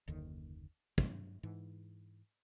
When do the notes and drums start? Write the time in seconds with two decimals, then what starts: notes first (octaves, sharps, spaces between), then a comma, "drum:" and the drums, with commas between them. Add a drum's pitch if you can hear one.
0.08 F#1 D#2 D3 D#3
0.98 G2 F#3, drum: kick
1.43 G#2 E3